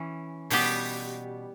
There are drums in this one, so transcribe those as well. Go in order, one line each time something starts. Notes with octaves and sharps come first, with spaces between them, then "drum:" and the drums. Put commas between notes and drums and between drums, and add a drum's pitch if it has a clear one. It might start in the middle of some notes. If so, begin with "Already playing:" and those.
Already playing: E3 C#4
B2 G3 B3 G4, drum: open hi-hat